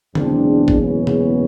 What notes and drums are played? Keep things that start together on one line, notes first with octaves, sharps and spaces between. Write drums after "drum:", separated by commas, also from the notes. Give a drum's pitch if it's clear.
F#1 E2 B2 G#3 C4 D4, drum: tom D3
drum: kick G#1
B3 C#4
drum: tom B2